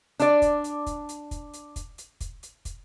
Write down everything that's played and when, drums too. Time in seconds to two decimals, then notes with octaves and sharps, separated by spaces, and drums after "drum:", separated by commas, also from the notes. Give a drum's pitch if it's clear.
0.20 D4 D5, drum: hi-hat
0.42 drum: kick, hi-hat
0.64 drum: hi-hat
0.87 drum: kick, hi-hat
1.09 drum: hi-hat
1.31 drum: kick, hi-hat
1.54 drum: hi-hat
1.76 drum: kick, hi-hat
1.98 drum: hi-hat
2.21 drum: kick, hi-hat
2.43 drum: hi-hat
2.65 drum: kick, hi-hat